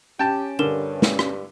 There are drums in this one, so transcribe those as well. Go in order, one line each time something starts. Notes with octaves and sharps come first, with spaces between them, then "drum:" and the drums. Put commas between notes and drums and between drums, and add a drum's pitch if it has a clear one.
C#4 G4 G5 A5
G2 D3 A#4 E7
drum: snare
drum: rim click